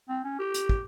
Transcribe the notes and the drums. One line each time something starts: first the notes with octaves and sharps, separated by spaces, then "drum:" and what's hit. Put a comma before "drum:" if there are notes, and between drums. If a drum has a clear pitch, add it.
C4
C#4
G4
drum: hi-hat
drum: kick